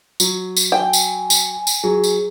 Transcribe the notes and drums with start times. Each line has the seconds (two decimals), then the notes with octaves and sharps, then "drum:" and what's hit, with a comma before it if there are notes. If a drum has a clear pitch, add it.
0.20 F#3, drum: tambourine
0.57 drum: tambourine
0.72 G5 G#5
0.93 drum: tambourine
1.30 drum: tambourine
1.67 drum: tambourine
1.84 F#3 G#4
2.04 drum: tambourine